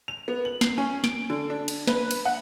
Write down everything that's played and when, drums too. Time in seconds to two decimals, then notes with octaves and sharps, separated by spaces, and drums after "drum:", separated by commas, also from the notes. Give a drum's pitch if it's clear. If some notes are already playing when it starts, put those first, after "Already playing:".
0.08 F7
0.28 B3
0.45 F#7
0.61 C7, drum: snare
0.78 C#4
1.04 D7, drum: snare
1.30 D3
1.50 D4
1.68 drum: cymbal
1.87 B4, drum: snare
2.11 drum: cymbal
2.25 F#5